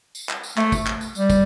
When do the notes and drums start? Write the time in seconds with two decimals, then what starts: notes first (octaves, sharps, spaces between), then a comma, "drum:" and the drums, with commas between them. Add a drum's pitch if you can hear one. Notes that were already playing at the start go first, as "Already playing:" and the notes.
0.15 drum: tambourine
0.29 drum: clap
0.44 drum: tambourine
0.57 A3, drum: clap
0.72 drum: kick, tambourine
0.87 drum: clap
1.01 drum: tambourine
1.15 G3, drum: tambourine
1.30 drum: kick, tambourine